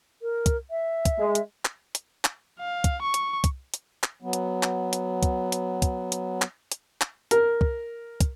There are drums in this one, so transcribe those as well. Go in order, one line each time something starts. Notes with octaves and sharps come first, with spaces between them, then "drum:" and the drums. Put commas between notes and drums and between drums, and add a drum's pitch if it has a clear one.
A#4
drum: kick, hi-hat
E5
drum: kick, hi-hat
G#3
drum: hi-hat
drum: clap
drum: hi-hat
drum: clap
F5
drum: kick, hi-hat
C#6
drum: hi-hat
drum: kick, hi-hat
drum: hi-hat
drum: clap
F#3 B3
drum: hi-hat
drum: clap
drum: hi-hat
drum: kick, hi-hat
drum: hi-hat
drum: kick, hi-hat
drum: hi-hat
drum: clap
drum: hi-hat
drum: clap
A#4, drum: hi-hat
drum: kick
drum: kick, hi-hat